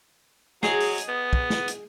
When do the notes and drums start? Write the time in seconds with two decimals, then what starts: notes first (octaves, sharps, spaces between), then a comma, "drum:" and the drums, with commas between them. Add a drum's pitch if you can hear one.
0.63 F#3 G#4 D#5, drum: snare
0.80 drum: open hi-hat
0.98 drum: hi-hat
1.09 B3
1.33 drum: kick
1.50 drum: snare
1.68 drum: hi-hat